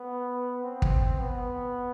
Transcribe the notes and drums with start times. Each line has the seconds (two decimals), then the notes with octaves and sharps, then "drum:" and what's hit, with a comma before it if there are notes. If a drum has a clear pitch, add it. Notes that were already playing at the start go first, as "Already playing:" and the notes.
Already playing: B3
0.64 C4
0.82 drum: kick
1.19 B3